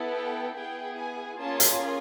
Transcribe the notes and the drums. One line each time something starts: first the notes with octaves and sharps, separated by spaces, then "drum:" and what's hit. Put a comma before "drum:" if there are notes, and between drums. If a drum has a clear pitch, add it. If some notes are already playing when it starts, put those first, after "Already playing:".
Already playing: B3 E4 A4
G5
B3 E4 G#4 G5
G#5
A#3 C#4 F4 G#4 A5
drum: hi-hat